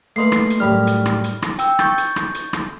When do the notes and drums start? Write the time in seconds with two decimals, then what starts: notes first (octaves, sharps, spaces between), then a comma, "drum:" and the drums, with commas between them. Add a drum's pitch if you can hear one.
0.16 A3 A#3 D#4 B4 C6 C7
0.32 drum: rim click
0.50 drum: hi-hat
0.60 F#2 A2 G3 B5 F6
0.87 drum: hi-hat
1.05 drum: rim click
1.24 drum: hi-hat
1.42 A#5, drum: rim click
1.59 G5 E6, drum: hi-hat
1.79 C#6 G6 A6, drum: rim click
1.98 drum: hi-hat
2.16 drum: rim click
2.35 drum: hi-hat
2.53 drum: rim click